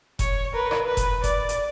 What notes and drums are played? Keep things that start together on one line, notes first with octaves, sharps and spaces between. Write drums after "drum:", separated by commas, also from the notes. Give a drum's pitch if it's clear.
C#5, drum: kick F1, hi-hat
A#4 B4
drum: rim click
B4
drum: kick F1, hi-hat
D5, drum: kick F1, hi-hat
drum: hi-hat